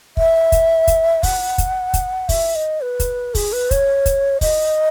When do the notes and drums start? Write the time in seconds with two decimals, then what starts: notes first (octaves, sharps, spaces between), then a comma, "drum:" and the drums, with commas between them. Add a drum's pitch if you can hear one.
0.17 E5, drum: kick
0.52 drum: kick, hi-hat
0.87 drum: kick, hi-hat
1.23 F#5, drum: kick, open hi-hat
1.58 drum: kick, hi-hat
1.94 drum: kick, hi-hat
2.29 E5, drum: kick, open hi-hat
2.55 D#5
2.81 B4
3.00 drum: kick, hi-hat
3.35 G#4, drum: kick, open hi-hat
3.53 B4
3.71 C#5, drum: kick, hi-hat
4.06 drum: kick, hi-hat
4.41 D#5, drum: kick, open hi-hat